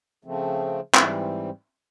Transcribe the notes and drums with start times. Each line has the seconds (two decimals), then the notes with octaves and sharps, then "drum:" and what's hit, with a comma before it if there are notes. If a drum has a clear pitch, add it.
0.25 C#3 F3 A3 C4
0.94 G#2 E3 G3 C4, drum: clap